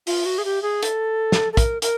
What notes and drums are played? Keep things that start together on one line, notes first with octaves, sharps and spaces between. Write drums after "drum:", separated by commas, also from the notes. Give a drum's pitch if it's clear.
F4, drum: open hi-hat
F#4
G#4
G4
G#4
A4, drum: hi-hat
drum: snare
A4
A#4, drum: kick, hi-hat
A#4, drum: hi-hat